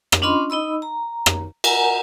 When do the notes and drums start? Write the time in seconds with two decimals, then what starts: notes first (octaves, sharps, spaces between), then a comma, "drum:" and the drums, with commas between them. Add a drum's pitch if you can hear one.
0.12 drum: rim click
0.22 C#4 D4 F4 D#5 B5 C6
0.50 D#4 D#5 B5 E6
0.82 A#5
1.26 drum: rim click
1.64 A#4 F#5 G#5 A#5, drum: cymbal